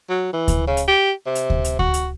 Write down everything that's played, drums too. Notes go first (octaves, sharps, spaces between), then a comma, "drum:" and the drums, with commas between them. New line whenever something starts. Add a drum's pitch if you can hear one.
F#3
E3
drum: kick D2, hi-hat
C#3
drum: hi-hat
G4
C3
drum: hi-hat
drum: kick D2
drum: hi-hat
F#4, drum: kick D2
drum: hi-hat